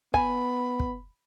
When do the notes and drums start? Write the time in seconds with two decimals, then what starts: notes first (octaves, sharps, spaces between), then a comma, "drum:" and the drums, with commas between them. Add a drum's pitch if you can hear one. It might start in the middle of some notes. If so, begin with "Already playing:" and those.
0.14 B3 G#5 B5, drum: kick
0.80 drum: kick